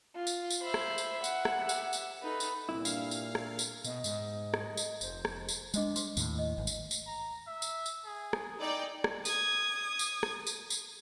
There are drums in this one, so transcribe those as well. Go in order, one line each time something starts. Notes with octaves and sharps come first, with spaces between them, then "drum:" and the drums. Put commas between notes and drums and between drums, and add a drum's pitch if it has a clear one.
F4
drum: tambourine
drum: tambourine
C5 E5 B5
drum: rim click
drum: tambourine
F#5, drum: tambourine
drum: rim click
G4 E5
drum: tambourine
drum: tambourine
D#4 A4 B4
drum: tambourine
C2 A#2 E4
G2 F5, drum: tambourine
drum: tambourine
drum: rim click
drum: tambourine
B2 D#5, drum: tambourine
G#2, drum: tambourine
drum: rim click
drum: tambourine
F1 C5, drum: tambourine
drum: rim click
drum: tambourine
G#3 D4 D#4 D#5 D6, drum: tambourine
C5 C6, drum: tambourine
D#2 A2, drum: tambourine
D#5
G#1
drum: tambourine
drum: tambourine
A#5
E5
drum: tambourine
drum: tambourine
G#4
drum: rim click
D#4 E4 D5 G5
drum: rim click
D#6 G#6, drum: tambourine
drum: tambourine
drum: rim click
drum: tambourine
drum: tambourine